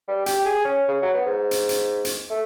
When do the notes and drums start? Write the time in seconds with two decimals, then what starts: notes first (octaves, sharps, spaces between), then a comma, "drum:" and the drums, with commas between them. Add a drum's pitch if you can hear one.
0.08 G3
0.26 G4, drum: hi-hat
0.46 G#4
0.65 C#4
0.88 C#3
1.02 F#3
1.14 B3
1.26 G#2
1.51 drum: hi-hat
1.69 drum: hi-hat
2.05 drum: hi-hat
2.30 A3